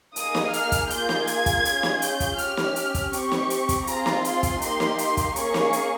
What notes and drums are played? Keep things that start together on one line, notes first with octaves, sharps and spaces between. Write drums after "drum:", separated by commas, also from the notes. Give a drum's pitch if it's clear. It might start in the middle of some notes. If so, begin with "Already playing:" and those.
A#3 D#4 G#4 D#6, drum: hi-hat
drum: snare
F6, drum: hi-hat
drum: kick, hi-hat
A#3 F4 G#4 G6, drum: hi-hat
drum: snare
G#6, drum: hi-hat
drum: kick, hi-hat
C#4 F4 G#4, drum: hi-hat
drum: snare
G6, drum: hi-hat
drum: kick, hi-hat
C#4 G4 F6, drum: hi-hat
drum: snare
drum: hi-hat
drum: kick, hi-hat
C4 G4 C#6, drum: hi-hat
drum: snare
drum: hi-hat
drum: kick, hi-hat
C4 F4 G#4 A#5, drum: hi-hat
drum: snare
C6, drum: hi-hat
drum: kick, hi-hat
A#3 D#4 G4 C6, drum: hi-hat
drum: snare
C6, drum: hi-hat
drum: kick, hi-hat
A#3 C#4 G#4 C#6, drum: hi-hat
drum: snare
drum: hi-hat